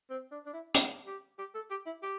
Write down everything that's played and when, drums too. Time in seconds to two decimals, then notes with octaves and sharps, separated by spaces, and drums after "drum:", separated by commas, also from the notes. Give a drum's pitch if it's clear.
0.10 C4
0.32 D4
0.46 D4
0.53 E4
0.75 E4, drum: hi-hat
1.07 G4
1.39 G4
1.55 A4
1.70 G4
1.86 E4
2.03 G4